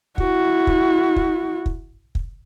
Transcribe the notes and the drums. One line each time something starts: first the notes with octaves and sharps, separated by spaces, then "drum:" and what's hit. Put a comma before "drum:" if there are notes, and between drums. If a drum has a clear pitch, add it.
E4 F#4, drum: kick
drum: kick
drum: kick
drum: kick
drum: kick